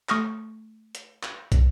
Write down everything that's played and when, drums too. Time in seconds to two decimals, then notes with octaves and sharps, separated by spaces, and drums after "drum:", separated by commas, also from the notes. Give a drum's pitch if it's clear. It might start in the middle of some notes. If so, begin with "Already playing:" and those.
0.09 A3 C#6 D#6 F6 A#6, drum: clap
0.95 drum: hi-hat
1.23 drum: clap
1.52 drum: kick, hi-hat